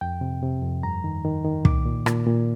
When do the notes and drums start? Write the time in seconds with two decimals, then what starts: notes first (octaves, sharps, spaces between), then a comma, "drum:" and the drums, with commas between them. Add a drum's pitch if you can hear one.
0.01 F2 G5
0.21 C3
0.43 C3
0.62 F2
0.83 G2 A#5
1.04 D#3
1.25 D#3
1.44 D#3
1.65 A#2 D6, drum: kick
1.86 A#2
2.06 A#2, drum: rim click
2.27 A#2